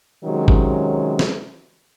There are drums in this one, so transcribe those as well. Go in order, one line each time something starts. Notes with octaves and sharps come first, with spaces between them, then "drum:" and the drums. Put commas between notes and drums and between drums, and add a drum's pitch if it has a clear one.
C3 D#3 F#3 G#3 C#4
drum: kick G1
drum: snare